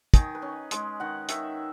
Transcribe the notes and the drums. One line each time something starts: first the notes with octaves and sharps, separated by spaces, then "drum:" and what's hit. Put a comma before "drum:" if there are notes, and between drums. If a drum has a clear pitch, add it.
D#3 G#4, drum: kick, hi-hat
B4
C#4
G#3, drum: hi-hat
D#3 F#5
D#3 E5, drum: hi-hat